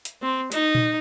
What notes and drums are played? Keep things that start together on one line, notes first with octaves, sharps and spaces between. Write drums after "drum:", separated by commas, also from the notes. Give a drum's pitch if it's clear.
drum: hi-hat
C4
D#4, drum: hi-hat
drum: tom A#2